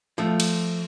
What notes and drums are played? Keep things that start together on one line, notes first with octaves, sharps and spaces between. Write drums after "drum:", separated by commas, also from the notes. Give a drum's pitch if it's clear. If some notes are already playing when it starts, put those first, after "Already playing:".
F3 A3
drum: cymbal